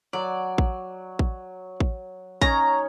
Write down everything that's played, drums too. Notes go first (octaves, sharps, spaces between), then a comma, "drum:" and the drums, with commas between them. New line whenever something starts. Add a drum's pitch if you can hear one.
F#3 D5
drum: kick A1
drum: kick A1
drum: kick A1
C#4 D#4 C#5 A#5, drum: kick A1